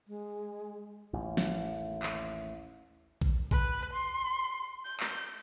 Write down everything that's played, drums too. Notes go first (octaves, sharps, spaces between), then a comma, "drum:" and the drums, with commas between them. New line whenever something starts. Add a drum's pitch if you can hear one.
G#3
A1 D#2
drum: snare
drum: clap
drum: kick
B4, drum: kick
C6
G6
drum: clap